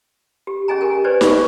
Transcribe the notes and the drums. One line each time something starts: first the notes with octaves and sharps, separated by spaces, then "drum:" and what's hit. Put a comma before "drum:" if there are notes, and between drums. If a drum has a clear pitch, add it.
G4
C#4 G#4 D#5 G#5 A#5
G4 A#4 G#5
G4 B4 C5 D5
A5 C#6, drum: snare D#4